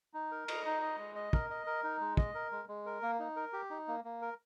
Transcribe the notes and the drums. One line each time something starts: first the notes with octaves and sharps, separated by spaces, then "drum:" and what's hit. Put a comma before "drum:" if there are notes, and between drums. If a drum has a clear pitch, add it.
D#4
A#4
D#5, drum: cymbal
D#4
D#5
G#3
D#5
A#4, drum: kick
D#5
A#4
D#4
G#3
D#5, drum: kick
A#4
G#3
G#3
A#4
A#3
D#4
A#4
G4
D#4
A#3
A#3
A#4